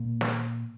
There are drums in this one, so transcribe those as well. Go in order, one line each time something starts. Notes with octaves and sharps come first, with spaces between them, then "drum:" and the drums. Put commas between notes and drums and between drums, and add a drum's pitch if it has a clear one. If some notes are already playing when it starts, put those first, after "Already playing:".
Already playing: A#2
drum: snare